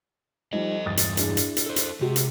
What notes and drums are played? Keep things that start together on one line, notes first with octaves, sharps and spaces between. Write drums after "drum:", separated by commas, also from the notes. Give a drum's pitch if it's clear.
F3 G3 D#4 A4 D#5
E2 G2 D#6 A6
drum: hi-hat
D4 E4 G#4, drum: hi-hat
drum: hi-hat
drum: hi-hat
A4 C5
drum: hi-hat
C3 G#3 F#4 G4
drum: hi-hat